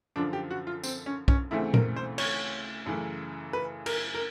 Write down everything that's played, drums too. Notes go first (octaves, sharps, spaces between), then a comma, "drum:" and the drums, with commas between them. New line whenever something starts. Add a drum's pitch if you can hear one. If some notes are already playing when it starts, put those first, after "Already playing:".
F#2 D3 F3 D4
G4
F#4
F4
C4, drum: tambourine
C#4
C#4, drum: kick
D2 C#3 E3 A3 C4 E4
A#4, drum: tom A#2
C5
C#5, drum: cymbal
F#2 C#3 E3 A3
B4
A#4, drum: cymbal
A#4